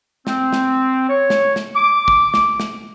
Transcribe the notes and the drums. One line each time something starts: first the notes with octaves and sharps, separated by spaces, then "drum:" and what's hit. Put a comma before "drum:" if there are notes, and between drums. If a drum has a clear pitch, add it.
C4, drum: snare
drum: snare
C#5
drum: snare
drum: snare
D6
drum: kick
drum: snare
drum: snare